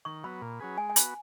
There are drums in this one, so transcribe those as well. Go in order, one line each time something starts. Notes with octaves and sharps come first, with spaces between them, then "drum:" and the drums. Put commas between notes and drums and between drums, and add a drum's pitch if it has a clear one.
D#3 C#6
F#3 B3 B5
A#2
F#3 C#4 G#4 B4
G#3 G#5
G#5
B3 F#4, drum: hi-hat